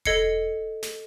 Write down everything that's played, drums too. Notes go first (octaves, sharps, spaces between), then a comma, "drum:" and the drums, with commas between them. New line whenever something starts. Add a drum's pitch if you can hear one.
A4 D#5 G#6 C7 C#7, drum: kick E1
drum: snare